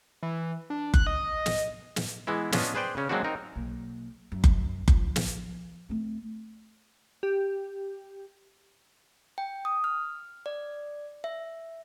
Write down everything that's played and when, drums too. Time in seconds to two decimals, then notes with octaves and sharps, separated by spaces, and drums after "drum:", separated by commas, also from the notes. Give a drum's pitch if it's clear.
0.23 E3
0.70 D4
0.94 F#6, drum: kick F#1
1.07 D#5
1.46 drum: snare
1.96 drum: snare
2.27 E3 G#3 B3 E4
2.52 B3 C#4 D4 F4 D#5, drum: snare
2.75 G#4 B4 C5 D5 G5
2.97 C#3 C#4
3.09 F#3 G#3 A#3 C4 D4 F#4
3.24 C4 D#4 A#4
3.55 B1 A#3
4.32 F#2
4.44 drum: kick F#1
4.88 F3, drum: kick F#1
5.16 drum: snare
5.89 A3 C4
7.23 G4
9.38 G5
9.65 D#6
9.84 F6
10.46 D5
11.24 E5